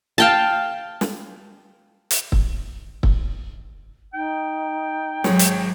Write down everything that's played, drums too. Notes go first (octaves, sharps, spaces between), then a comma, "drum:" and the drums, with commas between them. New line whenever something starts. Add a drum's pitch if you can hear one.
F5 G5 A5
drum: snare
drum: hi-hat
drum: kick
drum: kick
D#4 G5
G#1 F#3 G#3 C#5, drum: snare
drum: hi-hat